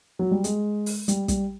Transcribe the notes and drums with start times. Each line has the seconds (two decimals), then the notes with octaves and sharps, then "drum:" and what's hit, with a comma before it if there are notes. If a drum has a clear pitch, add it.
0.19 F#3
0.31 G3
0.44 G#3, drum: hi-hat
0.86 drum: open hi-hat
1.08 G3, drum: hi-hat
1.28 G3, drum: kick, hi-hat